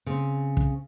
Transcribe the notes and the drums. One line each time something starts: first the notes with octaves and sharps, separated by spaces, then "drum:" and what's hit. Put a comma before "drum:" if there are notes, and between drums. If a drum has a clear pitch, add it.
C#3 C4
drum: kick